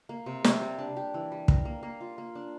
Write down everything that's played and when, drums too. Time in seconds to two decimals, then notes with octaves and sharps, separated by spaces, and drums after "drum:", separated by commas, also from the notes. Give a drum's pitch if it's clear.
0.09 A#3
0.26 C3
0.44 C3, drum: snare
0.61 G3
0.78 D4
0.96 G4
1.14 E3
1.32 G3
1.48 A#4, drum: kick
1.65 A#3
1.83 A#3
2.01 F4
2.18 A#3
2.35 D4